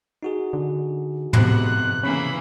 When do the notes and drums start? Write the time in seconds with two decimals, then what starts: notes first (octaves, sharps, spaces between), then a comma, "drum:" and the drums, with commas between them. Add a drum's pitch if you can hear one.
0.23 D#4 F#4 G#4
0.53 D3
1.33 F2 G#2 C3 B3 F#6, drum: tom A2
2.03 C#3 E3 A#3 C#4 B5